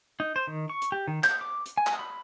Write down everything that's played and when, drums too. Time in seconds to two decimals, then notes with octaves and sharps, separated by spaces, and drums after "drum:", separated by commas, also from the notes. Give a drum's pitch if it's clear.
0.20 D#4
0.36 C5
0.47 D#3
0.70 C#6
0.82 drum: hi-hat
0.92 G4
1.08 D#3
1.24 G6, drum: clap
1.41 D6
1.66 drum: hi-hat
1.77 G#5
1.87 drum: clap
1.99 B5